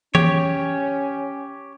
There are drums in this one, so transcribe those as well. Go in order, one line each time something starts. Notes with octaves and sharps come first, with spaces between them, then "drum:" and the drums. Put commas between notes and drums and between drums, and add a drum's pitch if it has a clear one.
C#4 G4 C#5, drum: tom E3